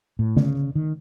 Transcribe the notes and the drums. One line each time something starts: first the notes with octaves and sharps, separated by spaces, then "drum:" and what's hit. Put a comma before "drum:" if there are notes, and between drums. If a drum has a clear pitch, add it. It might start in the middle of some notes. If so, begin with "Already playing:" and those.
A2
C#3, drum: tom D3
D#3